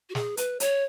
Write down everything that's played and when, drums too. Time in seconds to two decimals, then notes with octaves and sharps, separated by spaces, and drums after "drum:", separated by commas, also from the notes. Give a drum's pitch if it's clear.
0.10 F#4
0.15 G#4, drum: snare
0.37 B4, drum: hi-hat
0.60 C#5, drum: hi-hat